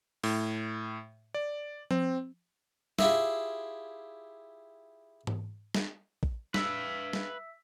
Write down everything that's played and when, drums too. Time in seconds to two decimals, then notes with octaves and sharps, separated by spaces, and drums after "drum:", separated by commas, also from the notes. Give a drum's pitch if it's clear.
0.24 A2, drum: open hi-hat
1.34 D5
1.91 C4, drum: tom F3
2.99 E4 F4 G4 G#4 E5, drum: snare
5.27 drum: tom G#2
5.75 drum: snare
6.23 drum: kick
6.54 B4 E5 F5, drum: snare
7.13 drum: snare